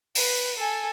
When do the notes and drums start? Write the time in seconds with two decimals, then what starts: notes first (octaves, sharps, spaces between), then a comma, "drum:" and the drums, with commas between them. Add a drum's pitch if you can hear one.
0.15 B4, drum: open hi-hat
0.59 A4 G#5